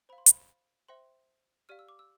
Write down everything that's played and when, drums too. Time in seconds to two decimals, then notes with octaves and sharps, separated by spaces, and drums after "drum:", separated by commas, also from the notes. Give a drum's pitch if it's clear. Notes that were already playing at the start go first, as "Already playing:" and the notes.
0.09 C5 F5 B5
0.18 C6
0.26 B5, drum: hi-hat
0.89 C5 E5 G5 C6
1.69 G4 D5 F5 F6
1.79 E6
1.89 D6
1.99 E6